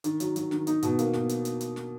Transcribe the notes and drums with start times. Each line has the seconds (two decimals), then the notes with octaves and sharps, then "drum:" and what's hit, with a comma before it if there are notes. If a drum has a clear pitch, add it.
0.04 D#3, drum: hi-hat
0.20 F#3, drum: hi-hat
0.36 F#3, drum: hi-hat
0.51 D#3, drum: snare
0.67 D#4, drum: hi-hat
0.83 B2, drum: hi-hat
0.99 A#3, drum: hi-hat
1.13 B2, drum: snare
1.29 drum: hi-hat
1.45 drum: hi-hat
1.61 drum: hi-hat
1.76 drum: snare